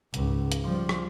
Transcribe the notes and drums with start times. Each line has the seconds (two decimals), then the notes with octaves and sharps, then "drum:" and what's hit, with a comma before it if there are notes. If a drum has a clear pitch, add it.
0.14 C#2 G#2, drum: hi-hat
0.52 drum: hi-hat
0.64 F3 G3
0.89 drum: rim click